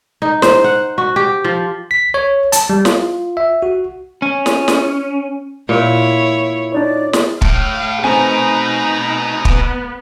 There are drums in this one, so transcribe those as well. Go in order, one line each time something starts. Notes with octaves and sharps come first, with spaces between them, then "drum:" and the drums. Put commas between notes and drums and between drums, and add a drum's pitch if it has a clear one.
D#4
C5, drum: snare
F#5
F#4
G4
F3
B6
C#5
A5, drum: hi-hat
G3
F4, drum: snare
E5
F#4
C#4
drum: snare
drum: snare
A#2 E4 C#5
D4 D#4 C#5 D5
drum: snare
A2 F5, drum: kick
B2 A3 C4 D#4 B4 G#5 A#5
B3, drum: kick